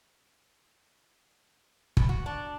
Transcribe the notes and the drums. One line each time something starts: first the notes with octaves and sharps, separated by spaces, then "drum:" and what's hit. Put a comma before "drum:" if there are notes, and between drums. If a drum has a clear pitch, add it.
B2, drum: kick
F#4
D4